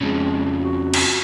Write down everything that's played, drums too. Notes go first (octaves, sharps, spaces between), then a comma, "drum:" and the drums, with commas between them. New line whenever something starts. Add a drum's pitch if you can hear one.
F2 C#3 G#3
F#4
drum: cymbal